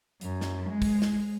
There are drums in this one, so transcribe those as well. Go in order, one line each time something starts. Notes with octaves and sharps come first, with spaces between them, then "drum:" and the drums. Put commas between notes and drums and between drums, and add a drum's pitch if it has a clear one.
F#2, drum: hi-hat
drum: snare
G#3
drum: kick, open hi-hat
drum: snare